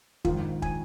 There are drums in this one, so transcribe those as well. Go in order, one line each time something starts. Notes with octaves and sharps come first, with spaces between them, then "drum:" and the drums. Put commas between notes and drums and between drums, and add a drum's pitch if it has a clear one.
A#1 G#2 D#3 F4, drum: kick
G#5, drum: kick